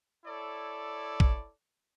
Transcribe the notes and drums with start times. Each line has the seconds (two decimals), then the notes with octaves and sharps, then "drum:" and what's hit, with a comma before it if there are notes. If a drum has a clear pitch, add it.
0.25 E4 A4 C#5 D5
1.20 drum: kick